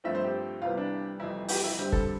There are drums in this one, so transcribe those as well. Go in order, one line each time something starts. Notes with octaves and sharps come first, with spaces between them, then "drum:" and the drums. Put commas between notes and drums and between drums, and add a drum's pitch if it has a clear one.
G2 F3 A3 C4 E5
C5
G4
C2 C3 E3 G3 B3 F4
D4
F1 F2 E3 G3 E4
G4, drum: open hi-hat
E4
G2 D3 G3 C4 G4
A4, drum: kick